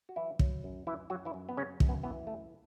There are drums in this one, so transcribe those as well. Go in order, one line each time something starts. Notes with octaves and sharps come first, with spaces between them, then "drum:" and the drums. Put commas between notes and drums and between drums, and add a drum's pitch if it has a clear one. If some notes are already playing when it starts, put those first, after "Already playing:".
F#4
E3 F#3 E4
F#3, drum: kick
F#2
F#2 E3 E4
F#2 F#3 F#4
E3 E4
F#2
B3
F#2 C#3 C#4
F#2, drum: kick
B3
E3 B3
F#2 A3